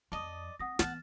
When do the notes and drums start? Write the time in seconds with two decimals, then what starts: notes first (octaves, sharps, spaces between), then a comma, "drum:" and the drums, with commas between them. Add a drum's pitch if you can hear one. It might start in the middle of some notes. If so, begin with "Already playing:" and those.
0.12 F2 D5 D#5 A5 D#6
0.59 C4 F#5 D#6 A#6
0.79 E3 B3 F#5 A5 F6 A6 E7, drum: snare